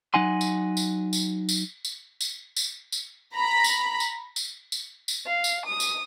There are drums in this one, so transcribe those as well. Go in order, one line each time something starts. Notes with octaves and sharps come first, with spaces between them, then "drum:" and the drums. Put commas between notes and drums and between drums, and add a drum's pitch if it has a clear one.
F#3 D#4 F#5 G#5 C6
drum: tambourine
drum: tambourine
drum: tambourine
drum: tambourine
drum: tambourine
drum: tambourine
drum: tambourine
drum: tambourine
A#5 B5
drum: tambourine
drum: tambourine
drum: tambourine
drum: tambourine
drum: tambourine
F5
drum: tambourine
D#6
drum: tambourine